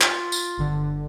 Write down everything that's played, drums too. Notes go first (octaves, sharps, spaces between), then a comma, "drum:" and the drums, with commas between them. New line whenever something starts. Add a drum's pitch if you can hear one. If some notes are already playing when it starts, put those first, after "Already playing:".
F4, drum: clap
drum: tambourine
G1 D3